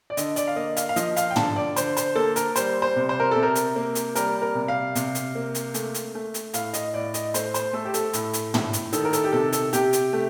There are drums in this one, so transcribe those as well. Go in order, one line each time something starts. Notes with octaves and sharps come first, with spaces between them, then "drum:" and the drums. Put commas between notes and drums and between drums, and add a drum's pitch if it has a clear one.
D5
D3 D#5, drum: hi-hat
D5, drum: hi-hat
F5
A#3 D#5
F5, drum: hi-hat
F5
F3 D#5, drum: hi-hat
F5, drum: hi-hat
G5
D3 A5, drum: tom
D5
D3 C5, drum: hi-hat
C5, drum: hi-hat
A#3 A4
A#4, drum: hi-hat
G3 C5, drum: hi-hat
C5
C3
C5
A#4
C3 A4
A#4
drum: hi-hat
A#3
drum: hi-hat
G3 A#4, drum: hi-hat
A#4
C3
F5
C3, drum: hi-hat
drum: hi-hat
A#3
drum: hi-hat
A3, drum: hi-hat
drum: hi-hat
A3
drum: hi-hat
A2 F5, drum: hi-hat
D#5, drum: hi-hat
A2 D5
D#5, drum: hi-hat
A3 C5, drum: hi-hat
C5, drum: hi-hat
A3 A4
G4
A4, drum: hi-hat
A2, drum: hi-hat
drum: hi-hat
A2, drum: tom
drum: hi-hat
D#3 A4, drum: hi-hat
A#4
A4, drum: hi-hat
G4
C3 A4
A4, drum: hi-hat
C3 G4, drum: hi-hat
drum: hi-hat
A3